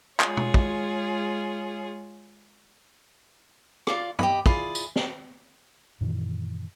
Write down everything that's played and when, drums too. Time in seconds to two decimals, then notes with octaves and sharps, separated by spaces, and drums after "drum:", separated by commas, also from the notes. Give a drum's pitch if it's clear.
0.20 G#3 F4 G#4 C#5, drum: clap
0.37 drum: tom
0.54 drum: kick
3.87 F4 D5 F5, drum: rim click
4.19 G4 D#5 B5, drum: tom
4.46 E4 F4 G#4 D5, drum: kick
4.75 drum: tambourine
4.96 drum: snare
6.01 F#2 A#2 D#3 E3